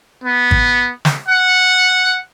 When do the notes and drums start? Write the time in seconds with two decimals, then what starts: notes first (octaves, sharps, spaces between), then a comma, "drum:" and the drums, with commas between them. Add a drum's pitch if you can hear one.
0.24 B3
0.51 drum: kick G#1
1.05 drum: snare
1.28 F#5